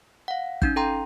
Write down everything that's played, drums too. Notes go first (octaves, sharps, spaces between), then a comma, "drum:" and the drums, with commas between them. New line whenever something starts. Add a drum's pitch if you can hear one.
F5 F#5
C#4 D#4 G6, drum: kick
A4 F5 G5 A#5 C6